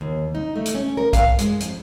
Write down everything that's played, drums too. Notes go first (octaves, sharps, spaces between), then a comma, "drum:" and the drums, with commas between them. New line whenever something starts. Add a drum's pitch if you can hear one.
D#2
D#4
A3
drum: hi-hat
C#4
A#4
F5, drum: kick, hi-hat
G#3, drum: hi-hat
F2, drum: hi-hat